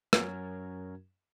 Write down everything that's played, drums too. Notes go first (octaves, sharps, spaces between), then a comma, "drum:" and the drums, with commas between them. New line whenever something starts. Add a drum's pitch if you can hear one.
F#2 F#3 C#4 F#4 A#4 G#6, drum: rim click